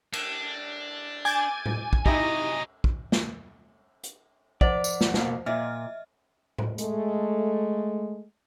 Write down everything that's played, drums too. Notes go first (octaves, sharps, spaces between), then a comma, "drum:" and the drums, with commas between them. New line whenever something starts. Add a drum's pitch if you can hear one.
D4, drum: cymbal
G#5 D6 G6 A6
drum: tom A2
drum: kick
C3 F#3 D#4 E4 G4 D#5 A#5, drum: kick
drum: kick
drum: snare
drum: hi-hat
F3 C5 D5 F#5, drum: kick
drum: tambourine
drum: snare
B2 A#3, drum: snare
A#2 D#5 E5 F6
drum: tom A2
G#3 A3, drum: hi-hat